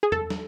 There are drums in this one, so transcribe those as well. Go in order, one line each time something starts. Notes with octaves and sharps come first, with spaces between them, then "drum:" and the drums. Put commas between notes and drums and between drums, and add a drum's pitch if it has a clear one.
G#4
A4, drum: tom E2
drum: snare